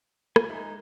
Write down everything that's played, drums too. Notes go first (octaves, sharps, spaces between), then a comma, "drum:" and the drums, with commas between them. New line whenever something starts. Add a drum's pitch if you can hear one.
F4 G#5, drum: rim click
G#3 D#4 E5 G#5